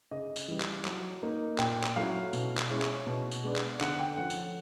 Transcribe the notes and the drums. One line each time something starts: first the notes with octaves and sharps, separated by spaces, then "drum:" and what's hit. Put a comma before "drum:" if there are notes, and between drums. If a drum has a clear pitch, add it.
C#3 D#5
drum: tambourine
E3 G3
drum: clap
F#3, drum: clap
A#3 D#4
A#2 G5, drum: clap
drum: clap
F#3 A3 C#4 E4 F5
B2, drum: tambourine
drum: clap
G#3 C#4 E4
drum: clap
B2
drum: tambourine
G#3 B3 D4
drum: clap
D3 F#5, drum: clap
G5
F3 A3 C#4 F#5
drum: tambourine